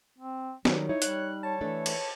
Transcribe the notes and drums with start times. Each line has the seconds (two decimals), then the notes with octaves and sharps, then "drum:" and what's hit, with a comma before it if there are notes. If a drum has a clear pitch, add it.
0.19 C4
0.65 D#3 F#3 G3, drum: snare
0.89 D#4 E4 C#5
1.02 G3 F#6, drum: hi-hat
1.43 C#5 A5
1.61 E3 A3 D4 A4
1.86 drum: cymbal